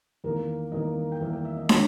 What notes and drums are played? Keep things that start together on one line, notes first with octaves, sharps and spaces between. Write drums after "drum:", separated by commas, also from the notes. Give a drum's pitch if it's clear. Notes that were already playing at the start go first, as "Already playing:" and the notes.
E2 D#3 A#3 A#4
E2 D#3 A#3 D#5
G5
E2 D#3 A#3 E5
G5
E5
D#5
D#3 A#3 C#5, drum: snare